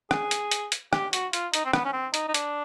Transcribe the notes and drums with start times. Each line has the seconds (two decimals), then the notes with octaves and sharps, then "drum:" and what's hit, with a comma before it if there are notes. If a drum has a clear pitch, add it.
0.11 G#4, drum: rim click
0.31 drum: hi-hat
0.51 drum: hi-hat
0.72 drum: hi-hat
0.93 G4, drum: rim click
1.13 F#4, drum: hi-hat
1.33 F4, drum: hi-hat
1.54 D#4, drum: hi-hat
1.65 C4
1.73 B3, drum: rim click
1.85 C#4
1.93 C4
2.14 D#4, drum: hi-hat
2.28 D#4
2.34 D4, drum: hi-hat